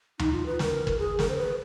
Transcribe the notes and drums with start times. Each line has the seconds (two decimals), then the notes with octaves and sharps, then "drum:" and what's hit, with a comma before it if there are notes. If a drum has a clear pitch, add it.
0.19 D#4, drum: tom D2
0.32 F4
0.46 B4
0.59 B4, drum: snare
0.63 A#4
0.87 drum: kick
0.99 G#4
1.19 A#4, drum: snare
1.29 C5
1.38 B4